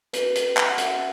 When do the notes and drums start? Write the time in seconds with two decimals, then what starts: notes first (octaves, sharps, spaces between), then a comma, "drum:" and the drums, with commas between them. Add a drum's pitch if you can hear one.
0.13 C#4 F#4 B4, drum: hi-hat
0.35 drum: hi-hat
0.57 drum: clap
0.69 F#5
0.78 C#4 F#4 E5, drum: hi-hat